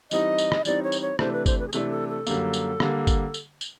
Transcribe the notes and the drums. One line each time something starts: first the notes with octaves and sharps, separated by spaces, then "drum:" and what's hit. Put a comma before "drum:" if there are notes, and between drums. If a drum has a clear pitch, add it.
E3 G3 C4 D#4 D#5, drum: tambourine
drum: tambourine
drum: rim click
E3 G3 C4 D#4 D5, drum: tambourine
C#5
drum: tambourine
C#5
C3 E3 A3 D4 C5, drum: rim click
B4
C5, drum: kick G1, tambourine
B4
G#4
C3 E3 A3 D4 A4, drum: tambourine
A4
A4
F#2 D3 G3 A#3, drum: tambourine
drum: tambourine
D3 G3 A#3, drum: rim click
drum: kick G1, tambourine
drum: tambourine
drum: tambourine